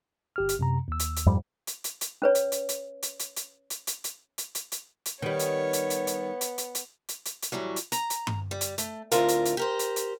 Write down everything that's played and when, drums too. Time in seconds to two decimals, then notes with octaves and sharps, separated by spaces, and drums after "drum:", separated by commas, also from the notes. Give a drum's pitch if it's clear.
0.36 G1 G4 F6
0.49 drum: hi-hat
0.59 F#2 C3 A#5
0.88 D#2 E6
0.99 drum: hi-hat
1.16 drum: hi-hat
1.26 F2 G#2 G3
1.67 drum: hi-hat
1.84 drum: hi-hat
2.01 drum: hi-hat
2.22 C#4 B4 C#5
2.35 drum: hi-hat
2.52 drum: hi-hat
2.69 drum: hi-hat
3.02 drum: hi-hat
3.19 drum: hi-hat
3.36 drum: hi-hat
3.70 drum: hi-hat
3.87 drum: hi-hat
4.04 drum: hi-hat
4.38 drum: hi-hat
4.55 drum: hi-hat
4.72 drum: hi-hat
5.05 drum: hi-hat
5.22 D#3 G3 B3 C#5
5.39 drum: hi-hat
5.73 drum: hi-hat
5.90 drum: hi-hat
6.07 drum: hi-hat
6.41 drum: hi-hat
6.58 drum: hi-hat
6.75 drum: hi-hat
7.09 drum: hi-hat
7.25 drum: hi-hat
7.42 drum: hi-hat
7.52 A2 E3 F#3 G3
7.76 drum: hi-hat
7.92 A#5, drum: hi-hat
8.10 drum: hi-hat
8.27 drum: tom G2
8.51 G3
8.61 drum: hi-hat
8.78 A3, drum: hi-hat
9.12 D2 A2 C4 F4 A#4, drum: hi-hat
9.28 drum: hi-hat
9.45 drum: hi-hat
9.57 G4 A#4 C5
9.79 drum: hi-hat
9.96 drum: hi-hat